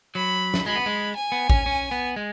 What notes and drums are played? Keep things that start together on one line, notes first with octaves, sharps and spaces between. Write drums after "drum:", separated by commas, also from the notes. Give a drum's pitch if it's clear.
F#3 B5
drum: snare
G#3 B5
B3
G#3
G#5
B3
C#4, drum: kick A1
C#4
B3
G#3